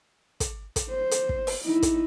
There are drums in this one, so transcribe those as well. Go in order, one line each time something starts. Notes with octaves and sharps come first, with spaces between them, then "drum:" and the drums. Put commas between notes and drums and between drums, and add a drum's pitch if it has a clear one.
drum: kick, hi-hat
drum: kick, hi-hat
C5
drum: hi-hat
drum: kick
drum: open hi-hat
D#4 E4
drum: kick, hi-hat